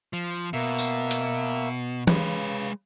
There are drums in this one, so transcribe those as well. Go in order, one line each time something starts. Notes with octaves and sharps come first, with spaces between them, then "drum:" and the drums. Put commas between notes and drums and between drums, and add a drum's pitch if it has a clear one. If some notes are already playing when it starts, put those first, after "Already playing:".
F3
B2 A#3 E5
drum: tambourine
drum: hi-hat
C#3 G#3 B4, drum: tom E3